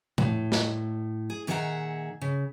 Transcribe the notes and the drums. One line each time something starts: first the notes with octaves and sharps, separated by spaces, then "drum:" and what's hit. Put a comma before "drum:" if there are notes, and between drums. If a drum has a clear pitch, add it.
A2, drum: tom A#2
drum: snare
G#4
A#2 D#3 G#4 E5 F#5 A#5
C#3